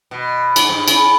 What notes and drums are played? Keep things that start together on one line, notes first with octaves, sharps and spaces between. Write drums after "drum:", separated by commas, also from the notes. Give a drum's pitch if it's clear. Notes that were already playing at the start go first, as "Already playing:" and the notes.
B2
G#2, drum: cymbal
G2
C#3, drum: cymbal